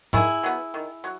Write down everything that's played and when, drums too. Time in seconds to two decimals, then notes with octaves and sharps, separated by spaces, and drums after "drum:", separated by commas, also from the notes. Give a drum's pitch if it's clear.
0.13 D#3 E4 G#4, drum: tom G#2
0.43 F#3 B3
0.74 D#3
1.04 F#3